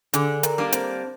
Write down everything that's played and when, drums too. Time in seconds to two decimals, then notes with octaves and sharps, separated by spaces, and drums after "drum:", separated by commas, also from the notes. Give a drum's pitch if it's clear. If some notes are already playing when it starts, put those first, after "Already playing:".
0.13 D3 G#4 G#5, drum: hi-hat
0.43 A#4 A#5, drum: hi-hat
0.58 G3 A#3 D4
0.72 C4 C5, drum: hi-hat